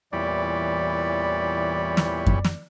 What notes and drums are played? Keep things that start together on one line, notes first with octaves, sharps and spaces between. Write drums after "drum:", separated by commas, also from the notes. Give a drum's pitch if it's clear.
E2 A#2 E3 G3 C#5 D5 B5
drum: snare
drum: kick F#2
drum: snare